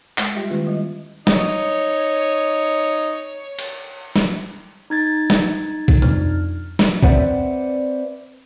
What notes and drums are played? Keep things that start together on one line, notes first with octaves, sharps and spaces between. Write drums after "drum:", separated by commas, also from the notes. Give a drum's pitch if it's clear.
G#3 F#5, drum: clap
G3 F4 G4 E5 G5
D#3 G#3 A#3 C#4 E4 F4
G3 D#5
D#4 C#5, drum: snare
drum: cymbal
drum: snare
D#4 G#6 A6
drum: snare
drum: kick
F2 D4 F6, drum: tom B2
drum: snare
C4 B4 C5 D5 E5 F#5, drum: kick